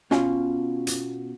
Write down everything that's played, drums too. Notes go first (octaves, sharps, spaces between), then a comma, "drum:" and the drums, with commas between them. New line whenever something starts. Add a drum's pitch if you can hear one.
B2 C#4 F4 G#5, drum: snare
drum: hi-hat